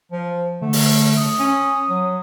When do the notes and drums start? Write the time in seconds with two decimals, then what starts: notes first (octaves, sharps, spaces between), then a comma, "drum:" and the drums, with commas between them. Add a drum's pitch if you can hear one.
0.11 F3
0.61 D3 A3
0.73 drum: open hi-hat
1.17 D#6
1.39 C#4
1.89 F#3